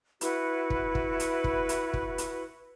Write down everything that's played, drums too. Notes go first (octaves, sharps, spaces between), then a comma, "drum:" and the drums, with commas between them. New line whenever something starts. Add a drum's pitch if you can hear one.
E4 F#4 B4, drum: hi-hat
drum: kick
drum: kick
drum: hi-hat
drum: kick
drum: hi-hat
drum: kick
drum: hi-hat